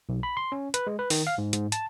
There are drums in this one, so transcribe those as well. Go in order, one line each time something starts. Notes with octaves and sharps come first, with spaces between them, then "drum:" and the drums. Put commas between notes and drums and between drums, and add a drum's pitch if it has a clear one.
B1
B5
C6
C#4
B4, drum: hi-hat
G#3
B4
D#3, drum: open hi-hat
F5
G#2
G#2, drum: hi-hat
A5, drum: hi-hat